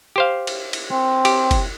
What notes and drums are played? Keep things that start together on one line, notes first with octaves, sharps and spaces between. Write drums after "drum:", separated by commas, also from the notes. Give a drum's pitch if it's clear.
G4 C5 F5
drum: cymbal
drum: cymbal
C4
G4, drum: cymbal
drum: kick F#1, cymbal